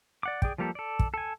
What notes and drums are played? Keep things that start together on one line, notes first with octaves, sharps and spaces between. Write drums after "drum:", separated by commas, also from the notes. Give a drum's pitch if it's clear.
D5 F#5 D6
G#4 D5 G5, drum: kick
F3 G3 A#3 G4 A4
A4 D5
drum: kick
A4 G#5